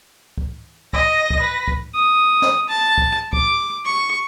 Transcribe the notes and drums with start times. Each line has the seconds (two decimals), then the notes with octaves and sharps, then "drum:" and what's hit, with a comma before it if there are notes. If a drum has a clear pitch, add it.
0.38 drum: kick C#2
0.93 D#5 A#6, drum: kick C#2
1.30 drum: kick C#2
1.40 B4
1.68 drum: kick C#2
1.94 D#6
2.42 drum: snare
2.69 A5
2.98 drum: kick C#2
3.33 D6, drum: kick C#2
3.85 C#6